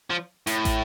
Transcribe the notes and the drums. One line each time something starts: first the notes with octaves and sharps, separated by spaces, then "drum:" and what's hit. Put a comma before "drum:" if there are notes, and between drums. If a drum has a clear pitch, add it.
F3
A2, drum: hi-hat
drum: kick, hi-hat